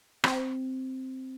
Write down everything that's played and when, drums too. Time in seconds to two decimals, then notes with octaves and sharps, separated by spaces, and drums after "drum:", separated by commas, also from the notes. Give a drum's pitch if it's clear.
0.24 C4, drum: rim click